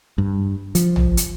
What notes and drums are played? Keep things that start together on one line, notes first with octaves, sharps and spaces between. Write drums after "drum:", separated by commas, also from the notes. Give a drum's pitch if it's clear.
G2
F3, drum: hi-hat
drum: tom A1
drum: hi-hat